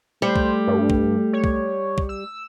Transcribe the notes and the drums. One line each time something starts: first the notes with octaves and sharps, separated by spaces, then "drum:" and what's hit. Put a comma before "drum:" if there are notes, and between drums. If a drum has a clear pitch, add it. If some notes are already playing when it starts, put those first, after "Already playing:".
G3 A3 C5
drum: kick
G2
drum: kick
C#5
drum: kick
drum: kick
E6